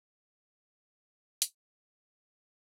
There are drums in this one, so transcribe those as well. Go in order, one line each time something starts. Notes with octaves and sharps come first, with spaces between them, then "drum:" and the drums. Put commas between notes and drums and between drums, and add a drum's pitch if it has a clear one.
E4 F4 C#6
drum: hi-hat